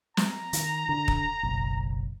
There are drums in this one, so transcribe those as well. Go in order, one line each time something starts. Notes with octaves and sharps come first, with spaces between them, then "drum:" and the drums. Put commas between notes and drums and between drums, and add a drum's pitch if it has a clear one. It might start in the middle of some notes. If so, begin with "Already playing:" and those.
A#5, drum: snare
D#3, drum: hi-hat
D3
drum: kick
F#1 B1